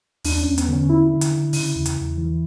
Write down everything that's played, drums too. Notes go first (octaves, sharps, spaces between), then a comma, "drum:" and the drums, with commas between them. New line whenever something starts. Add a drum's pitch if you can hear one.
E2 D4, drum: open hi-hat
E2 C#4
B3, drum: hi-hat
D3 C#4
D3 E4
D3
drum: hi-hat
D3
C#3, drum: open hi-hat
E2
drum: hi-hat
E2
E3